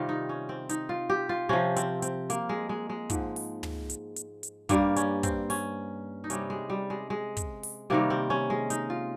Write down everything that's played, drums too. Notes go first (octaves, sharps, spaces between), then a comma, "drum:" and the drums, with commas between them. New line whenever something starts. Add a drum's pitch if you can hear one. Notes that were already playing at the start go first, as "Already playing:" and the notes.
Already playing: C3 D#3 G3 F4 G4
D#4
C#4
C4
D#4, drum: hi-hat
F4
G4
F4
C3 F3 C#4
C4, drum: hi-hat
C4, drum: hi-hat
A#3, drum: hi-hat
G#3
G#3
G#3
G#2 F3, drum: kick, hi-hat
drum: open hi-hat
drum: tom
drum: hi-hat
drum: hi-hat
drum: hi-hat
G2 G3 A#3, drum: kick, hi-hat
C#4, drum: hi-hat
C4, drum: kick, hi-hat
C#4, drum: open hi-hat
D#4
C3 G3 C#4, drum: hi-hat
G#3
G3
G#3
G#3
drum: kick, hi-hat
drum: open hi-hat
C3 D#3 G3 A#3
C4
C#4
G#3
D#4, drum: hi-hat
F4